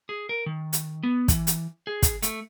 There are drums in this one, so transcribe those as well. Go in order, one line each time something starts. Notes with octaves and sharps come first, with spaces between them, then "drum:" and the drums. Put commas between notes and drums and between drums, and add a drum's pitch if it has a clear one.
G#4
A#4
D#3
drum: hi-hat
B3
E3, drum: kick, hi-hat
drum: hi-hat
G#4
drum: kick, hi-hat
A3, drum: hi-hat